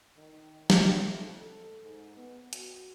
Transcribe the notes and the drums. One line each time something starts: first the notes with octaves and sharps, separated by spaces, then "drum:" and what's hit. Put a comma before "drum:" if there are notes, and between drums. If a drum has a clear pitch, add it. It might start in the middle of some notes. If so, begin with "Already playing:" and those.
D#3
A3, drum: snare
F2
A4
G#2
B3
F#4, drum: hi-hat